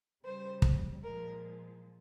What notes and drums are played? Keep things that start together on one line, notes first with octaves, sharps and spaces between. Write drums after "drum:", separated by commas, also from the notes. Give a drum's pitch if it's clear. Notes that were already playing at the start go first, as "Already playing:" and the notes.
C#3 G3 C5
drum: kick
A#2 F3 G#3 A#4